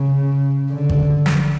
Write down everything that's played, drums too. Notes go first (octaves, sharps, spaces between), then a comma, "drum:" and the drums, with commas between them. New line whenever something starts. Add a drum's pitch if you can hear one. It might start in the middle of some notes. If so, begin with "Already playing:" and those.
Already playing: C#3
D3
drum: kick G#1
drum: snare